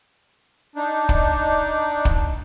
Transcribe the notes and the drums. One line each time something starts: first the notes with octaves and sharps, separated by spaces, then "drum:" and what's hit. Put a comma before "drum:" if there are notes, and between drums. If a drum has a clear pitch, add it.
D4 D#4
drum: kick
drum: kick